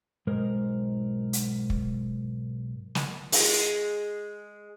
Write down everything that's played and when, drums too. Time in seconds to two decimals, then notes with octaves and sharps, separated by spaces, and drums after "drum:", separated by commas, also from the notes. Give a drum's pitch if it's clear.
0.27 B1 G#2 G#3 A#4 C5
1.33 drum: hi-hat
1.70 drum: kick
2.95 drum: snare
3.32 G#3, drum: open hi-hat